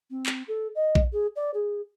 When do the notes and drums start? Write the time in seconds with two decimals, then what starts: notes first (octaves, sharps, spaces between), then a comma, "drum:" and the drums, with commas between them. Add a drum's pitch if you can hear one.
0.10 C4
0.26 drum: clap
0.48 A4
0.75 D#5
0.95 drum: kick A#1
1.13 G#4
1.36 D5
1.54 G#4